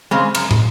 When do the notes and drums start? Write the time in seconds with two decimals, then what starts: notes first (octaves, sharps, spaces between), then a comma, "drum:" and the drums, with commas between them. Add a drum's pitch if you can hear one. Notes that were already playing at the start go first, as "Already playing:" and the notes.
0.11 C#3 G#3 C4
0.35 F#2, drum: cymbal
0.51 drum: tom